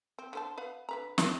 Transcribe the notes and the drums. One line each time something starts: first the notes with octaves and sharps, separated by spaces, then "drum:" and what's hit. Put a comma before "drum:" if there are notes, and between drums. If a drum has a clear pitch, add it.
C4
D3 C5 A5
B4 F5 F#5
D3 B4 A#5
C#5 G5, drum: snare